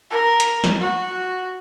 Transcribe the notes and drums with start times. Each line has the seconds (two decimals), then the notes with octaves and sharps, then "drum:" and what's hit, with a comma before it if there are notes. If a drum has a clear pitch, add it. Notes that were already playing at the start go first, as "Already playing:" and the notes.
0.10 A#4
0.40 drum: hi-hat
0.64 drum: snare
0.80 F#4